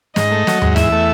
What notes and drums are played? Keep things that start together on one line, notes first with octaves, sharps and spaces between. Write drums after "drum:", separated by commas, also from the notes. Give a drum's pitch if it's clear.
G#2 D#5, drum: snare
A3
F#3, drum: snare
G#2, drum: tom D#2
E2 E5, drum: snare
A3